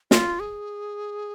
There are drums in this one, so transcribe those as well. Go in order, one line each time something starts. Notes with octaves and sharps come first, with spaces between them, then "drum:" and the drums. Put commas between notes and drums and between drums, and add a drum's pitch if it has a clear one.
F4, drum: snare
G#4